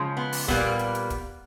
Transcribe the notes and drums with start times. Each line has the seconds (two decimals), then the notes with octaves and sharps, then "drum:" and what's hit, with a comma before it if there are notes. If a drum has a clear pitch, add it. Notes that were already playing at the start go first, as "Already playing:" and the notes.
Already playing: C#3 F3 G#3
0.17 B3
0.33 drum: open hi-hat
0.48 A#2 G3 A#3 B3, drum: kick
0.79 drum: hi-hat
0.95 drum: hi-hat
1.10 drum: kick, hi-hat